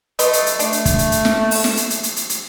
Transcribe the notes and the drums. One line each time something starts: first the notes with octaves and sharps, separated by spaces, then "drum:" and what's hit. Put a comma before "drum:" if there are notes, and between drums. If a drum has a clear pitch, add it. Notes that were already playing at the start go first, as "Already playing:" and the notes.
A3 B4 D#5, drum: hi-hat
drum: hi-hat
drum: hi-hat
A3 D4, drum: hi-hat
drum: hi-hat
drum: kick, hi-hat
drum: hi-hat
drum: hi-hat
drum: snare
drum: open hi-hat
drum: snare
drum: hi-hat
drum: hi-hat
drum: hi-hat
drum: hi-hat
drum: hi-hat